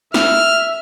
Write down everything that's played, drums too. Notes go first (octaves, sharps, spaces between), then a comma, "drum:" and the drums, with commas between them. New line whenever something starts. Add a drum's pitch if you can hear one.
E5 F6, drum: snare